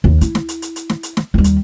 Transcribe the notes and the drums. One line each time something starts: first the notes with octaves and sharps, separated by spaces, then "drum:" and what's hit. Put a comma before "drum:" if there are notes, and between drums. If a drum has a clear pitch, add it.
D#2
E4, drum: hi-hat
drum: snare
drum: hi-hat
drum: hi-hat
drum: hi-hat
drum: snare
drum: hi-hat
drum: snare
D#2 G3
drum: hi-hat